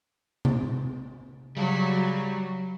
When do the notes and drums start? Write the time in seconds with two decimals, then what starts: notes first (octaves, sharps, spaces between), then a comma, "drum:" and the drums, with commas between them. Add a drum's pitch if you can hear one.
0.45 drum: tom C3
1.57 C#3 F#3 G3